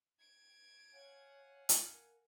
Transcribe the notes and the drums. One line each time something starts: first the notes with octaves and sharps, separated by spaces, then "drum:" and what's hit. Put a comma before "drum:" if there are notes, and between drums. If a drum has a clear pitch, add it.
G#6 D7
C#5 F5 F#5 G#5
drum: hi-hat
A#4